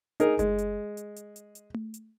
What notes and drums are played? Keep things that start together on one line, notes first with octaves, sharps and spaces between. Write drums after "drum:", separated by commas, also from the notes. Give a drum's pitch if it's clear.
D#4 G#4 A#4, drum: hi-hat
G#3, drum: kick F#1, hi-hat
drum: hi-hat
drum: hi-hat
drum: hi-hat
drum: hi-hat
drum: hi-hat
drum: tom A3
drum: hi-hat